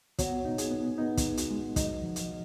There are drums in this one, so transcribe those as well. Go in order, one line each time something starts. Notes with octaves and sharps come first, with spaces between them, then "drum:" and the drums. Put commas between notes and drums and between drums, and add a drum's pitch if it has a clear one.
F#3 B3, drum: kick, hi-hat
D#4
G#4, drum: hi-hat
B3
B3 D#4
drum: kick, hi-hat
F#4, drum: hi-hat
G#3
F#3 D#4, drum: kick, hi-hat
F3
F5, drum: hi-hat
F#3